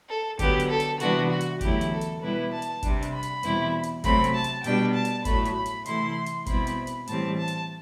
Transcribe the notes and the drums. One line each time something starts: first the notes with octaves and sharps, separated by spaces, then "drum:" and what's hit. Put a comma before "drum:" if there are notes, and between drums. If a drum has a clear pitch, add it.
A4
D3 F#3 B3 G4, drum: kick G#1, hi-hat
drum: hi-hat
A4
drum: hi-hat
C3 E3 G3 B3 D4 F#4, drum: hi-hat
F#4
drum: hi-hat
E2 D3 F#3 A3 E4 G4, drum: kick G#1, hi-hat
drum: hi-hat
A4
drum: hi-hat
B2 G3 B3 E4 B4
A5
drum: hi-hat
C3 G3 D4, drum: kick G#1, hi-hat
drum: hi-hat
B5
drum: hi-hat
E2 B2 G3 C4 E4, drum: hi-hat
drum: hi-hat
C3 F#3 A3 C4 B5, drum: kick G#1, hi-hat
drum: hi-hat
A5
drum: hi-hat
B2 G3 D4 G5, drum: hi-hat
A5
drum: hi-hat
A2 F#3 A3 B5, drum: kick G#1, hi-hat
drum: hi-hat
B5
drum: hi-hat
C3 E3 A3 E4 C6, drum: hi-hat
drum: hi-hat
B2 G3 C4 E4 B5, drum: kick G#1, hi-hat
drum: hi-hat
drum: hi-hat
A2 E3 G3 C4 A5, drum: hi-hat
A5
drum: hi-hat